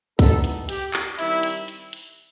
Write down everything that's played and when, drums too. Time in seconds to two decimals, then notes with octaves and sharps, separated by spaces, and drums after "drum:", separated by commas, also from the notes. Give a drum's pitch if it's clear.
0.19 G2 E3 B3 D#4 A4, drum: kick, hi-hat
0.44 drum: hi-hat
0.69 G4, drum: hi-hat
0.94 drum: clap
1.19 D#3 G3 C4 D#4 E4, drum: hi-hat
1.43 drum: hi-hat
1.68 drum: hi-hat
1.93 drum: hi-hat